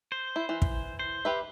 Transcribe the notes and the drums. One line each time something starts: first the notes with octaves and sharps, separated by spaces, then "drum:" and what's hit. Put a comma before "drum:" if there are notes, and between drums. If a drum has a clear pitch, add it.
C5
E4
E3
drum: kick
C5
G4 B4 E5